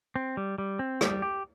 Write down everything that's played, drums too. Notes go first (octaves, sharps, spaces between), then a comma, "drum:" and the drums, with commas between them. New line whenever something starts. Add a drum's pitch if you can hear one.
C4
G3
G3
C4
G3, drum: rim click
G4